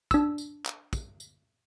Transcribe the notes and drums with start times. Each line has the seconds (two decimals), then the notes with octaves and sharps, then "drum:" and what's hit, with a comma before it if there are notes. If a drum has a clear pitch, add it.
0.11 D4 E6, drum: kick, tambourine
0.38 drum: tambourine
0.65 drum: clap
0.93 drum: kick, tambourine
1.20 drum: tambourine